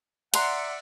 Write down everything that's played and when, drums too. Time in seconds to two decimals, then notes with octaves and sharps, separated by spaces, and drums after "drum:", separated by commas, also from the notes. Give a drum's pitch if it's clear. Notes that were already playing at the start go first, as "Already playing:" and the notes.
0.34 D5 E5 F#5 A#5 C6, drum: cymbal